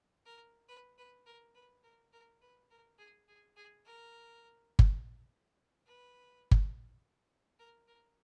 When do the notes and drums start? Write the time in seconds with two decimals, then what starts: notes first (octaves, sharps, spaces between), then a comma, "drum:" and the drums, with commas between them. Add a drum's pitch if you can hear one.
0.26 A#4
0.69 B4
0.98 B4
1.26 A#4
1.55 B4
1.84 A#4
2.13 A#4
2.42 B4
2.71 A#4
2.99 G#4
3.28 G#4
3.57 G#4
3.85 A#4
4.79 drum: kick G1
5.86 B4
6.51 drum: kick G1
7.59 A#4
7.88 A#4